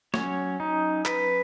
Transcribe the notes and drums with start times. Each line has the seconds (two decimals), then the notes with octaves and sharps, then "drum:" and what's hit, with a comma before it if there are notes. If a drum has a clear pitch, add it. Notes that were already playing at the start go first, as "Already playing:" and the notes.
0.14 F#3 C#4 C#5, drum: snare
0.60 D#4
1.05 B4, drum: clap